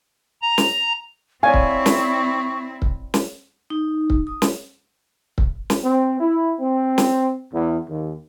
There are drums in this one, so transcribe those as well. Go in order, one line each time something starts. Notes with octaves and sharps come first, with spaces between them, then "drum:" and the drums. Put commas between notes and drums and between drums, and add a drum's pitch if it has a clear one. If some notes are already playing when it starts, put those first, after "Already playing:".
A#5
drum: snare
C4 E4 C#5 D5 F5 G#5 C#6
drum: kick C#1
drum: snare
drum: kick C#1
drum: snare
D#4
drum: kick C#1
D#6
drum: snare
drum: kick C#1
drum: snare
C4
E4
C4
drum: snare
E2
D#2